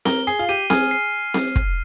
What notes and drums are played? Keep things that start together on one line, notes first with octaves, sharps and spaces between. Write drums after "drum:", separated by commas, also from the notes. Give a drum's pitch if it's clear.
A#4 G7, drum: snare C4
G#4 C7, drum: hi-hat
F4
G4 D#7, drum: hi-hat
G#4 F6, drum: snare C4
C7
drum: snare C4
drum: kick, hi-hat